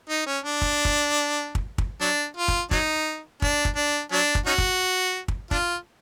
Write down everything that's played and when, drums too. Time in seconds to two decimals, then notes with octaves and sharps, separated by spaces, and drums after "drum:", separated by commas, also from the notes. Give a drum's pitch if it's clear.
0.09 D#4
0.26 C#4
0.44 D4
0.62 drum: kick
0.85 drum: kick
1.55 drum: kick
1.78 drum: kick
2.01 F#3 D4
2.37 F4
2.48 drum: kick
2.71 F#3 D#4, drum: kick
3.42 D4, drum: kick
3.65 drum: kick
3.76 D4
4.12 F#3 D4
4.35 drum: kick
4.46 C#4 D#4 F#4
4.58 drum: kick
5.28 drum: kick
5.51 D4 F4, drum: kick